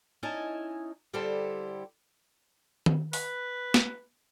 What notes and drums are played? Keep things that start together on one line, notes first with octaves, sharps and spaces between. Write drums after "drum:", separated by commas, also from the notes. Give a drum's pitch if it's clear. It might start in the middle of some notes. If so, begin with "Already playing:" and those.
C#4 D#4 E4 D#5 G#5 A5
D3 G3 E4 G4 A4 C5
drum: tom D#3
B4, drum: open hi-hat
drum: snare